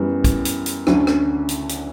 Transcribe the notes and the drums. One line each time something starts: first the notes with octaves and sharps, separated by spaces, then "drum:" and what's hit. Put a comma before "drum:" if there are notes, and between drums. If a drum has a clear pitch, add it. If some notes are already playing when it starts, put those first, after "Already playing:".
Already playing: F#2 E3 G3 B3
drum: kick, hi-hat
drum: hi-hat
drum: hi-hat
D2 D3 F#3 C#4, drum: rim click
drum: rim click
drum: hi-hat
drum: hi-hat